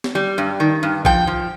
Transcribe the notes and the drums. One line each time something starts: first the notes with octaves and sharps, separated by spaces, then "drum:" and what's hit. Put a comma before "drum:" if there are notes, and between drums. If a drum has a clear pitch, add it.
drum: snare
G3
G2
D#3
G2
F3 G5, drum: kick A#1
F3